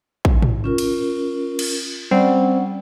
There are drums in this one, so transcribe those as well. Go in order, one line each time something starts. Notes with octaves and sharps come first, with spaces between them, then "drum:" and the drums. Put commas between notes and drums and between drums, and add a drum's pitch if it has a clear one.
drum: kick
drum: tom
C#4 F4 A#4
drum: cymbal
drum: cymbal
G3 C4 C#4 F#5